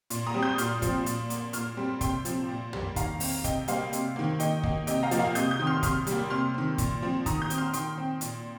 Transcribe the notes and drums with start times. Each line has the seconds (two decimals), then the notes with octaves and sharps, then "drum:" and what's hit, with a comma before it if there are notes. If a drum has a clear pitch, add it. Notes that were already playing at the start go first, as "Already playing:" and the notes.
0.10 A#2, drum: hi-hat
0.26 A#5 D#6
0.34 G3 C4
0.43 D#6 G6
0.58 A#2 C6 F6, drum: hi-hat
0.82 F3 C4, drum: kick, hi-hat
1.06 A#2, drum: hi-hat
1.30 A#3, drum: hi-hat
1.53 A#2 C6 F6, drum: hi-hat
1.77 G3 C4
2.01 C3 G5 C6, drum: kick, hi-hat
2.25 F3 C4, drum: hi-hat
2.49 A#2
2.73 G3 A#3, drum: tom
2.96 D#3 F5 A#5, drum: kick, hi-hat
3.20 C4, drum: open hi-hat
3.44 C3 D#5 G5, drum: kick, hi-hat
3.68 G3 A#3 C5 F5, drum: hi-hat
3.93 C3, drum: hi-hat
4.16 D#3 A#3
4.40 D#3 D#5 G5, drum: hi-hat
4.63 A#3, drum: kick
4.87 C3 D#5 G5, drum: hi-hat
5.03 F5 A#5
5.11 F3 A#3, drum: hi-hat
5.19 F5 A#5
5.35 C3 D#6 G6, drum: hi-hat
5.51 D#6 G6
5.59 D#3 C4
5.67 C6 F6
5.83 C3 C6 F6, drum: kick, hi-hat
6.07 G3, drum: hi-hat
6.12 A#3
6.30 C3 C6 F6
6.54 D#3 C4
6.78 A#2, drum: kick, hi-hat
7.02 F3 C4
7.26 D#3 A#5 D#6, drum: kick, hi-hat
7.42 D#6 G6
7.50 C4, drum: hi-hat
7.58 C6 F6
7.73 D#3 G5 C6, drum: hi-hat
7.98 C4
8.21 A#2, drum: hi-hat